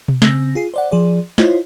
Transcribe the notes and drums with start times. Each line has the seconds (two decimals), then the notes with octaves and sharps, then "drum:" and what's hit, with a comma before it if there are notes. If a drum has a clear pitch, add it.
0.08 drum: tom B2
0.22 C#3 C4 E6 A#6, drum: snare
0.55 F4 G#4 C7
0.74 C5 D5 F#5
0.91 F3 G#4 D5
1.38 E4 F4 C5 C#5 D#5, drum: snare